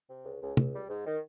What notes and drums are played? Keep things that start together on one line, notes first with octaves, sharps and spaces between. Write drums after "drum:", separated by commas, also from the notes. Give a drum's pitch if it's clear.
C3
C#2
C#2
C#2, drum: tom
G3
G#2
D#3